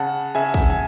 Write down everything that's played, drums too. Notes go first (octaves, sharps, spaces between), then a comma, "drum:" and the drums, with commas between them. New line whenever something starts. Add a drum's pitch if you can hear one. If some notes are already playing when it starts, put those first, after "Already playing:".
Already playing: C#3 F#5 A5
C#3 E5 G#5
drum: kick
G#5